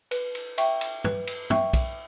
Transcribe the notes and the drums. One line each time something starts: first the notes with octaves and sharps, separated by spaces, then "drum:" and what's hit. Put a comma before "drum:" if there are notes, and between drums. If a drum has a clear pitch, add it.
B4, drum: cymbal
drum: cymbal
E5 G5 C#6, drum: cymbal
drum: cymbal
B4, drum: tom
drum: cymbal
E5 G5 C#6, drum: tom
drum: kick, cymbal